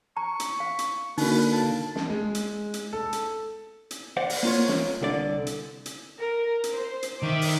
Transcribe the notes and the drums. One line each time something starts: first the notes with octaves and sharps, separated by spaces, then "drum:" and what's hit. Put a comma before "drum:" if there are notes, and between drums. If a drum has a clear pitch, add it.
A#5 C#6
drum: hi-hat
F5
drum: hi-hat
D3 A#3 D#4 F#4 B4, drum: open hi-hat
A5
drum: snare
G#3
drum: hi-hat
drum: hi-hat
A4
drum: hi-hat
drum: hi-hat
C5 D5 F#5
drum: open hi-hat
A#3 F4 C#5
drum: snare
C2 D3 D5
drum: hi-hat
drum: hi-hat
A#4
drum: hi-hat
C5
drum: hi-hat
D#3 E5 D6
drum: open hi-hat